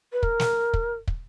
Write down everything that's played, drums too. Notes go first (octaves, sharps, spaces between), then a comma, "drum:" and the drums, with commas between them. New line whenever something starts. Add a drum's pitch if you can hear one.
B4
A#4, drum: kick
drum: snare
drum: kick
drum: kick